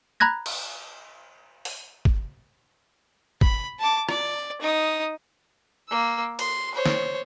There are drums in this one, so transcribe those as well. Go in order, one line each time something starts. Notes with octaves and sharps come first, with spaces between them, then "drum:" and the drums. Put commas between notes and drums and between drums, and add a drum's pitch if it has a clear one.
A#5 B5 F#6 G#6 A#6
drum: cymbal
drum: open hi-hat
drum: kick G#1
B5, drum: kick G#1
A5 D6
D5, drum: rim click
D#4 D#6
A#3 E6
C6, drum: cymbal
C5 C#5
drum: snare